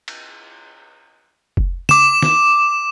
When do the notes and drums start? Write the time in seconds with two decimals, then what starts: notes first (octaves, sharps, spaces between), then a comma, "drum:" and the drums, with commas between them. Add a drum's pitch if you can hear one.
0.08 drum: cymbal
1.57 drum: kick F1
1.89 D6 E7, drum: tom
2.22 drum: snare